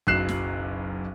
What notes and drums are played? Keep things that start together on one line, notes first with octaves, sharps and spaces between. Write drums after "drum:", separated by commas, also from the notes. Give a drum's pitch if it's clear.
F#1 B1 F#3 F#6 C7 E7, drum: kick
drum: snare